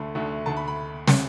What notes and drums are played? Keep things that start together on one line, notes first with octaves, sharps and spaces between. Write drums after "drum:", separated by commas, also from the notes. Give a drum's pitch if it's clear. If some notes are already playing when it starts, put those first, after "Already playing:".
Already playing: D2 D3 A3 B5
D2 D3 A3
D2 D3 A3 A5
B5
B5
drum: snare